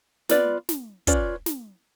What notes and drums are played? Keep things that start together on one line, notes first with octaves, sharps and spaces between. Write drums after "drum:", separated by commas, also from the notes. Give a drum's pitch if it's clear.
B3 F4 B4 D5, drum: snare
drum: snare
C#4 F4 B4 D5, drum: kick, hi-hat
drum: snare